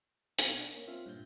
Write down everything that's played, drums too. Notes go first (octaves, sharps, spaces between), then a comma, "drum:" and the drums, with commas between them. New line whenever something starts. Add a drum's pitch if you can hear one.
B2 C4 F5, drum: hi-hat
D4
A#3 C#4
C4 F4 E5 F5
G2 A#2 G6